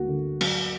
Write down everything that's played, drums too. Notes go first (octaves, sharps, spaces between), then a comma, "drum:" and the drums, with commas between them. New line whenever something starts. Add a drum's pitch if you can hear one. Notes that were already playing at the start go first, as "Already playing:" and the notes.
Already playing: D2 A#3 F#4
D3
F#3, drum: cymbal